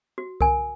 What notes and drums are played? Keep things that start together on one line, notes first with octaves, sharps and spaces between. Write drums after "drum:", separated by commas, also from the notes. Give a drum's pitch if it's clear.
F#4
A#4 G#5, drum: kick C2